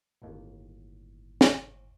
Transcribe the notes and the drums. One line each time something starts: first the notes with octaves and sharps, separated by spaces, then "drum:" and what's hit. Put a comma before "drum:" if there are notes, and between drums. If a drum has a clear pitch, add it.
G1 D#2 A2
drum: snare